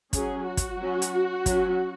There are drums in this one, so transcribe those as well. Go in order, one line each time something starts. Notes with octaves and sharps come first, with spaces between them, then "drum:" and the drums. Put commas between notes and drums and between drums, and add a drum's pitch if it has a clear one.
F#3 C#4 G#4, drum: kick, hi-hat
F#4
drum: kick, hi-hat
F#3 C#4
drum: hi-hat
F#3 C#4, drum: kick, hi-hat